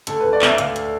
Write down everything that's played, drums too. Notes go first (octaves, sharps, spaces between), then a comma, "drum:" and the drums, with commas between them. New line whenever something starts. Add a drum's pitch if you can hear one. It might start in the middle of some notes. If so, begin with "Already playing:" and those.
D2 A4, drum: hi-hat
D3 B4
D5
D2 E5, drum: clap
D2 F5, drum: hi-hat
drum: hi-hat